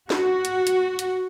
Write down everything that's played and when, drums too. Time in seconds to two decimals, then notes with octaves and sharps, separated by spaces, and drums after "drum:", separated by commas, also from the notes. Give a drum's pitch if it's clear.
0.10 F#4, drum: snare
0.45 drum: hi-hat
0.67 drum: hi-hat
0.99 drum: hi-hat